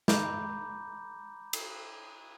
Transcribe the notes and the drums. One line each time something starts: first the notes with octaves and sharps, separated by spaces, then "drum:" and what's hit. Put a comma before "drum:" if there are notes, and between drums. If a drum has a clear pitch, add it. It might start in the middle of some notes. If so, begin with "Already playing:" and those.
A#5 B5 D6 G6, drum: snare
drum: cymbal